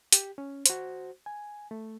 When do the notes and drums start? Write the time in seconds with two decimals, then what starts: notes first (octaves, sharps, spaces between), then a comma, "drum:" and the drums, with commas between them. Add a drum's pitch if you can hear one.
0.12 G4, drum: hi-hat
0.38 C#4
0.66 F#4 C5, drum: hi-hat
1.26 G#5
1.71 A3